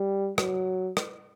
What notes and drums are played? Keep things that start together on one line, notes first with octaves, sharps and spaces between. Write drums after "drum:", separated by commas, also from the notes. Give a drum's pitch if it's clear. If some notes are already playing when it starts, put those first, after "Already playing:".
Already playing: G3
F#3, drum: rim click
drum: rim click